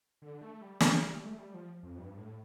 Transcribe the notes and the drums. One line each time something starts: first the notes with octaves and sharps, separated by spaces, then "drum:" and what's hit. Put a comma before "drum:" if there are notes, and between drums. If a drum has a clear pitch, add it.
D3
A3
G3
D#3, drum: snare
G3
G3
A3
G3
F3
F2
G2
A2